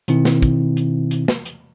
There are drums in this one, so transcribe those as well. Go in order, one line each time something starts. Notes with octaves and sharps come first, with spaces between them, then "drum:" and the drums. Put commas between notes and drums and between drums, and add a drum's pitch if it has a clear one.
B2 D#3 C4 E4, drum: hi-hat
drum: snare
drum: kick, hi-hat
drum: hi-hat
drum: hi-hat
drum: snare
drum: hi-hat